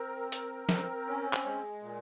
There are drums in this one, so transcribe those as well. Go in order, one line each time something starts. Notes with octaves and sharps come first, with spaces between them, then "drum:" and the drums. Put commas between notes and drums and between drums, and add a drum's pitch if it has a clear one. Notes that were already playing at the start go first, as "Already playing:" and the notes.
Already playing: C4 A#4
A#4, drum: hi-hat
C4, drum: snare
C#4
drum: clap
G#3
A#2